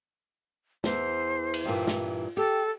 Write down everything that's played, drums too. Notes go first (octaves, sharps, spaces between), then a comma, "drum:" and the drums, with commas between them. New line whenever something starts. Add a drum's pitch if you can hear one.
E2 E3 C5, drum: snare
drum: cymbal
G2 A#2 E3
drum: snare
G4 A4